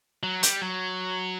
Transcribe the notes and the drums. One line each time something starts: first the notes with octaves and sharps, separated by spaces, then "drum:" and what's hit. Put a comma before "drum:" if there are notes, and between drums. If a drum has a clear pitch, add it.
F#3
G3, drum: hi-hat
F#3